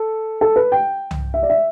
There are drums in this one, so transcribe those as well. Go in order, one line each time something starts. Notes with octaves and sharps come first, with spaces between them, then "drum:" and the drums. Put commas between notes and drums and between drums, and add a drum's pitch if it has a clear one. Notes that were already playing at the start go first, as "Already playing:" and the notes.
Already playing: A4
A4
B4
G5
drum: tom C2
E5
D5
E5